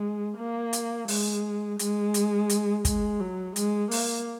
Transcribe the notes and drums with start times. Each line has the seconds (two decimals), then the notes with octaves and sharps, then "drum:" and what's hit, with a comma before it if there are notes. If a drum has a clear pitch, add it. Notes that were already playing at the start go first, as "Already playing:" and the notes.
Already playing: G#3
0.37 A#3
0.73 drum: hi-hat
1.08 G#3, drum: open hi-hat
1.79 G#3, drum: hi-hat
2.14 drum: hi-hat
2.50 drum: hi-hat
2.85 G#3, drum: kick, hi-hat
3.20 F#3
3.56 G#3, drum: hi-hat
3.91 A#3, drum: open hi-hat